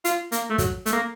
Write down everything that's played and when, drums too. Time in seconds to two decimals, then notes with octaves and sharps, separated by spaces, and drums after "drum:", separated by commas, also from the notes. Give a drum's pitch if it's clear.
0.05 F4, drum: hi-hat
0.32 A#3, drum: hi-hat
0.50 A3
0.58 F#3, drum: kick, hi-hat
0.86 A3, drum: hi-hat
0.93 A#3